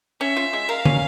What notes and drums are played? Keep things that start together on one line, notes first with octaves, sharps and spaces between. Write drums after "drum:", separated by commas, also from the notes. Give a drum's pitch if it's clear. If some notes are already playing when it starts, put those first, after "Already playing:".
C#4 E5
F4
G#3
A#4 F5
C#4, drum: tom